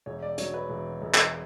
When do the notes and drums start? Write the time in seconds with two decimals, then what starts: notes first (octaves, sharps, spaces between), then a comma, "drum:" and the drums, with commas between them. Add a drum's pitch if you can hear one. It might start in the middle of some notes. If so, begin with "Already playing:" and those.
0.06 E1 C#5
0.22 D5
0.38 F#3 C#5, drum: hi-hat
0.54 B4
0.70 E1
1.02 E1
1.14 drum: clap